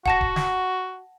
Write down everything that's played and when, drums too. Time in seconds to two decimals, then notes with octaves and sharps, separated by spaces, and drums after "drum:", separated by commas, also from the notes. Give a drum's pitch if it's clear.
0.06 F#4 F#5 A5 A#6, drum: kick
0.21 drum: kick
0.36 drum: snare